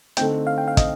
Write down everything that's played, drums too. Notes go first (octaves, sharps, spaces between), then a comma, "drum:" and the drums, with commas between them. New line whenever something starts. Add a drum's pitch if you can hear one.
D3 A3 C4 D#4 G5, drum: hi-hat
F5
G5
F5
D#5, drum: kick, hi-hat